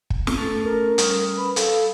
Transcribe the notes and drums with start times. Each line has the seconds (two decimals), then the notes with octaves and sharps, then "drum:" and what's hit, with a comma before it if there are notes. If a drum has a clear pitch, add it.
0.10 drum: kick
0.27 drum: snare
0.37 A3 C#4 A4
0.64 A#4
0.98 G3 C#4 D#6, drum: hi-hat
1.37 B4 B5
1.56 A4 F5, drum: hi-hat